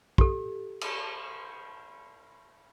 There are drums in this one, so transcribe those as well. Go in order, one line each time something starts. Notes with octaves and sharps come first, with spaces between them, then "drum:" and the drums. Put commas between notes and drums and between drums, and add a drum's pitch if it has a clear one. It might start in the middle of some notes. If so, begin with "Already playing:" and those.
G4 A4, drum: kick
drum: cymbal